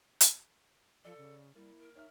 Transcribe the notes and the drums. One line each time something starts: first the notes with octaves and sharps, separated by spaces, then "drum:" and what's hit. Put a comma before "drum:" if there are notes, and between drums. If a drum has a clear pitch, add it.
drum: hi-hat
F3 A4 D5
C#3
G3 A#3 E4
A#4
D#4 C#5 E5 F6